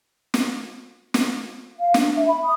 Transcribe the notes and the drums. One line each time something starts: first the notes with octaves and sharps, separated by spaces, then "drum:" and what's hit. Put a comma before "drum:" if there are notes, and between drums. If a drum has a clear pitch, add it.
drum: snare
drum: snare
F5
D4, drum: snare
E5
B5
D#6